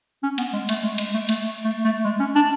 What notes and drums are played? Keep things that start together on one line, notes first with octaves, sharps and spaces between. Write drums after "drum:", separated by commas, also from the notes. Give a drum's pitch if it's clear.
C#4
B3, drum: cymbal
G#3
A3, drum: cymbal
G#3
G#3, drum: cymbal
A3
A3, drum: cymbal
A3
A3
G#3
C#4
D4